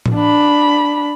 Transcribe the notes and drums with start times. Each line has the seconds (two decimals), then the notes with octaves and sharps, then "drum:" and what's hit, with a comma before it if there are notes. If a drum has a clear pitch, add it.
0.06 drum: tom A2
0.16 D4 B5